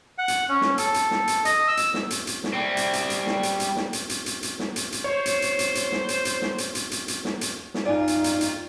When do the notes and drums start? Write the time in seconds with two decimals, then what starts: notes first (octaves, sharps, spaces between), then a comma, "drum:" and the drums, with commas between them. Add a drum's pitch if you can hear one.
0.18 F#5
0.28 drum: hi-hat
0.49 C#4
0.61 drum: snare
0.78 A4, drum: hi-hat
0.94 drum: hi-hat
1.11 drum: snare
1.27 drum: hi-hat
1.45 D#5, drum: hi-hat
1.68 E6
1.77 drum: hi-hat
1.94 drum: snare
2.10 drum: hi-hat
2.27 drum: hi-hat
2.44 drum: snare
2.53 G3 C4
2.77 drum: hi-hat
2.93 drum: hi-hat
3.10 drum: hi-hat
3.27 drum: snare
3.43 drum: hi-hat
3.60 drum: hi-hat
3.76 drum: snare
3.93 drum: hi-hat
4.09 drum: hi-hat
4.26 drum: hi-hat
4.43 drum: hi-hat
4.59 drum: snare
4.76 drum: hi-hat
4.92 drum: hi-hat
5.04 C5 C#5
5.26 drum: hi-hat
5.42 drum: hi-hat
5.59 drum: hi-hat
5.75 drum: hi-hat
5.92 drum: snare
6.08 drum: hi-hat
6.25 drum: hi-hat
6.42 drum: snare
6.58 drum: hi-hat
6.75 drum: hi-hat
6.91 drum: hi-hat
7.08 drum: hi-hat
7.25 drum: snare
7.41 drum: hi-hat
7.74 drum: snare
7.85 G2 D#4 F4 D5 G#5
8.08 drum: hi-hat
8.24 drum: hi-hat
8.41 drum: hi-hat